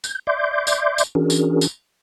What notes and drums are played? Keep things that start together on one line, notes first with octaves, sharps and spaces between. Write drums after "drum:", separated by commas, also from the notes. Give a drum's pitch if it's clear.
G6, drum: tambourine
D5 E5 C6 D6 G6
drum: tambourine
drum: tambourine
E3 C#4 D4 F#4 G#4 A#4
drum: tambourine
drum: tambourine